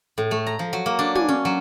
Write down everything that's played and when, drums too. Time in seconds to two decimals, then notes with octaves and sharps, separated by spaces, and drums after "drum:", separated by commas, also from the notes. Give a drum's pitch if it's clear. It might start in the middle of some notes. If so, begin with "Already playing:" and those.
0.18 A2
0.31 A3
0.47 A#5
0.59 F3
0.73 F#3
0.86 A#3
0.99 D4
1.15 G#5, drum: tom
1.29 C#4
1.45 F#3